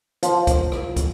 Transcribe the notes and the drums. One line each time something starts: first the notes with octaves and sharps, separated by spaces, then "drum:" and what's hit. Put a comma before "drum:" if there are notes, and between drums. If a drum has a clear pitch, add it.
F3, drum: hi-hat
drum: kick, hi-hat
drum: rim click
drum: kick, hi-hat